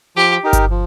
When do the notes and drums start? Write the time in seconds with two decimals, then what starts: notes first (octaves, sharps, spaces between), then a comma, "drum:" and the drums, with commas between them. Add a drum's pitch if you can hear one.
0.16 F3 G4
0.44 D#4 G4 A#4
0.53 drum: kick G1, hi-hat
0.71 F3